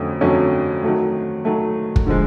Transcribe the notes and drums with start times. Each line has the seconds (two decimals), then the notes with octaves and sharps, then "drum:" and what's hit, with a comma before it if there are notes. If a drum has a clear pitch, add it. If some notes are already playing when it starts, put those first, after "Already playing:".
Already playing: F2 D3 F#3 A3 C#4
0.21 F2 D3 F#3 A3 C#4
0.83 D#3 F#3 A3
1.45 D#3 F#3 A3
1.96 drum: kick
2.06 D3 F3 G#3